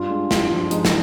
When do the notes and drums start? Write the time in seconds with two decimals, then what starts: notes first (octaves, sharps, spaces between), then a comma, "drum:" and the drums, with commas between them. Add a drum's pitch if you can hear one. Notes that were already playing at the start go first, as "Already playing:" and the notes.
Already playing: G2 F4
0.10 G#3
0.31 G2, drum: snare
0.51 F3
0.71 G#3 D#4, drum: hi-hat
0.85 drum: snare